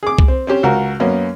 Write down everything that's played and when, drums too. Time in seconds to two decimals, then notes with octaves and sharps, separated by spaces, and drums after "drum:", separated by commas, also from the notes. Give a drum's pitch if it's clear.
0.03 G#4 D6
0.19 drum: kick C2
0.28 C4
0.47 C4 C#4 G4 C5
0.63 C#2 F#4 A#4
1.00 F#2 A#3 B3 C#4